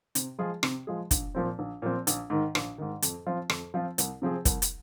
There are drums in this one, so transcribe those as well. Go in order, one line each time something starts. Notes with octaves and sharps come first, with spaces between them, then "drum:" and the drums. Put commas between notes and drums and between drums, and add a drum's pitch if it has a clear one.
C3, drum: hi-hat
F3 G#3 F4 G#4
C3, drum: rim click
F3 G#3 F4 G#4
A#1, drum: kick, hi-hat
A#2 F3 C4
A#1
A#2 F3 C4
A#1, drum: hi-hat
G#2 D#3
A#1, drum: rim click
G#2 D#3
F2, drum: hi-hat
F3 C4 F4
F2, drum: rim click
F3 C4 F4
C2, drum: hi-hat
C3 F3 C4 G#4
C2, drum: kick, hi-hat
drum: hi-hat